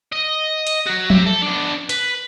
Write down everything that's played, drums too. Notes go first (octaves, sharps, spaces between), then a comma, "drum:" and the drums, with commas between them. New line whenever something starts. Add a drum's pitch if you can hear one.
D#5
drum: hi-hat
F#3 F#4
G4 E5, drum: tom F3
A4
B3 D4
B4, drum: hi-hat